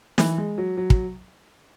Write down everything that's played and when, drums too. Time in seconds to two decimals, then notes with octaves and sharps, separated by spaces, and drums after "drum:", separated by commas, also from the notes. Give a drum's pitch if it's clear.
0.18 E3, drum: snare
0.38 G#3
0.58 F#3
0.77 F#3
0.90 drum: kick